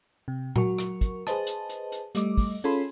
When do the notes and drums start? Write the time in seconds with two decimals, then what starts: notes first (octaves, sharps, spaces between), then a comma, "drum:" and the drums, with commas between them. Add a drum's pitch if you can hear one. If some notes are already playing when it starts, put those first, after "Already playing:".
0.28 C3
0.56 F#3 F#4 A#4 C#6, drum: tom A#2
0.79 drum: rim click
1.01 drum: kick, hi-hat
1.27 G#4 B4 C5 D#5 A5, drum: rim click
1.47 drum: hi-hat
1.69 drum: hi-hat
1.92 drum: hi-hat
2.15 G3 A3 D#5 D6, drum: hi-hat
2.37 drum: kick, open hi-hat
2.64 C#4 F4 G#4 A4 B5 C6